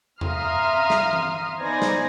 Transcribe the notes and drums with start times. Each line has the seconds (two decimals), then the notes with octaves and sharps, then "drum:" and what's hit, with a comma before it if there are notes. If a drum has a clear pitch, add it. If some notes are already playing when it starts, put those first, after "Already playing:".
0.21 E5 F5 A#5 C6 D#6 F6, drum: tom E2
0.90 drum: snare
1.13 drum: tom E3
1.60 B3 D#4 C5 D5 G#5 A#6
1.82 drum: snare